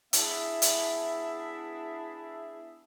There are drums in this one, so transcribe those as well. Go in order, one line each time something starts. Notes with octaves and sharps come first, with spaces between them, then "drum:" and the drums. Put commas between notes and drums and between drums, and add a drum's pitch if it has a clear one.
B3 D4 E4 G#4 E5, drum: hi-hat
drum: hi-hat